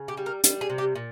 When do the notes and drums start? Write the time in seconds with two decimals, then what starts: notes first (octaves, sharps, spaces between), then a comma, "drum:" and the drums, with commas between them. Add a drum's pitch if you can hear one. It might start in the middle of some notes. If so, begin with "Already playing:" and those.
Already playing: C#3
0.08 G4
0.17 G3
0.26 A#4
0.44 G3, drum: hi-hat
0.61 G#4
0.69 C3
0.78 G4
0.95 A#2